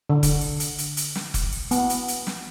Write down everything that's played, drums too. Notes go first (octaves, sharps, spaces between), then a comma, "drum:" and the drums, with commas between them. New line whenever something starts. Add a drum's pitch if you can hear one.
D3
drum: kick F1, hi-hat
drum: open hi-hat
drum: hi-hat
drum: hi-hat
drum: hi-hat
drum: snare
drum: kick F1, hi-hat
drum: open hi-hat
B3, drum: hi-hat
drum: hi-hat
drum: hi-hat
drum: snare